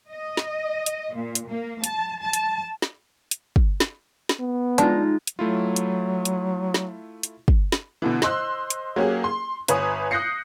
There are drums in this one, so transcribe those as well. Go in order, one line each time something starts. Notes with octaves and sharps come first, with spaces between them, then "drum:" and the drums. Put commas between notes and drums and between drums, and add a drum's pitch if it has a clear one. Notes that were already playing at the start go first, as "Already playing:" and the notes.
D#5
drum: snare
drum: hi-hat
A#2
drum: hi-hat
A#3
A5, drum: hi-hat
A5
drum: hi-hat
drum: snare
drum: hi-hat
drum: kick
drum: snare
drum: snare
B3
G#3 D4 D#4 F4, drum: hi-hat
drum: hi-hat
F#3 A3 E4 F4
drum: hi-hat
drum: hi-hat
drum: snare
drum: hi-hat
drum: kick
drum: snare
B2 D3 E3
C5 D#5 C6 E6 F#6, drum: snare
drum: hi-hat
F#3 A#3 C#4 G4 G#4
C6
G1 B4 C#5 G#5 D#6, drum: hi-hat
D#6 F#6 G6 A#6 C7 C#7